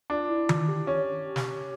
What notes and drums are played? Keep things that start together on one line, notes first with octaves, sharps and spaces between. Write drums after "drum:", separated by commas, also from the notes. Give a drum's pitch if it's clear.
D4 F4
E4
F4, drum: tom D#3
G4
C#4
drum: snare